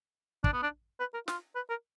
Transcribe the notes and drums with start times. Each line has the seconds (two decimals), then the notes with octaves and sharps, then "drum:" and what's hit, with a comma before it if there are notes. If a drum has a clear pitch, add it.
0.44 D4, drum: kick
0.53 B3
0.63 D4
1.00 B4
1.14 A#4
1.28 F4, drum: snare
1.55 B4
1.70 A#4